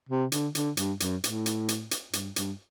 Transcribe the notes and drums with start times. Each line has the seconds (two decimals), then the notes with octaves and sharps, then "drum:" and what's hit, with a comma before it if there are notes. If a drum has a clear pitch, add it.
0.09 C3
0.32 D3, drum: hi-hat
0.55 D3, drum: hi-hat
0.77 G2, drum: hi-hat
1.00 F#2, drum: hi-hat
1.24 A2, drum: hi-hat
1.46 drum: hi-hat
1.69 drum: hi-hat
1.91 drum: hi-hat
2.13 G2, drum: hi-hat
2.36 G2, drum: hi-hat